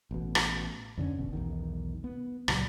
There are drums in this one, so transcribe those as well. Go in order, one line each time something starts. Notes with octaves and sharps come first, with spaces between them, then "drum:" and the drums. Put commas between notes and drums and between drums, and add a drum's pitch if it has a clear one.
A1 B2
drum: rim click
F2 D3 C#4
D1 G1 B2
B1 E2 D#3
B3
C#2 A#2 F#3 G3, drum: rim click